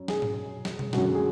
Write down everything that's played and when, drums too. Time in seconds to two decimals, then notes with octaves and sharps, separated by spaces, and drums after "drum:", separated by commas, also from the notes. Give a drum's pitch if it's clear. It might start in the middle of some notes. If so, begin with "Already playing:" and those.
Already playing: F#2
0.08 G#4, drum: snare
0.22 drum: tom G#2
0.65 drum: snare
0.79 drum: tom B2
0.93 F#2 D3 G#3 F#4, drum: snare
1.05 F#4
1.15 G#4